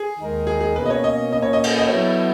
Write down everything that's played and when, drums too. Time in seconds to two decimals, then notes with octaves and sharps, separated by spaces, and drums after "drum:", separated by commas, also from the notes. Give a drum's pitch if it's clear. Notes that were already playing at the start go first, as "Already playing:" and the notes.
Already playing: G#4
0.19 D#2 D#3 G#3 D#4 A#4
0.47 G#4
0.61 G#4
0.76 B2 A#3 C#4 B4
0.85 D#5
0.90 C#5
1.04 D#5
1.32 A#2 A#3 C#4 D#5
1.42 C#5
1.53 D#5
1.64 drum: cymbal
1.78 D#5
1.88 F#3 B3 E4 C#5